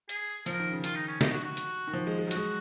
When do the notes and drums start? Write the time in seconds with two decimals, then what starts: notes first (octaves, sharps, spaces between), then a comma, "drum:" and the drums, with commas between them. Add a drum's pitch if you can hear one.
0.09 G#4, drum: hi-hat
0.46 F3 A#4, drum: hi-hat
0.60 D#3
0.71 C#3
0.84 D#3 F4, drum: hi-hat
0.95 D#4
1.08 C#4
1.21 D#4, drum: snare
1.33 F#4
1.44 F#4
1.57 drum: hi-hat
1.87 D#3
1.93 F3
2.07 G#3
2.19 G#3
2.27 F#3
2.31 G#3 F#4, drum: hi-hat